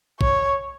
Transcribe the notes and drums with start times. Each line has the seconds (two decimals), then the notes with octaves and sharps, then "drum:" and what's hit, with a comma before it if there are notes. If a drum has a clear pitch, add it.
0.21 C#5, drum: kick